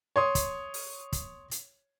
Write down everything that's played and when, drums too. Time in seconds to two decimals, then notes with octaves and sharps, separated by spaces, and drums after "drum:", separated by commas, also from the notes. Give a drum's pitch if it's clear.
0.16 C#5 C6 D#6
0.35 drum: kick, hi-hat
0.74 drum: open hi-hat
1.13 drum: kick, hi-hat
1.51 drum: hi-hat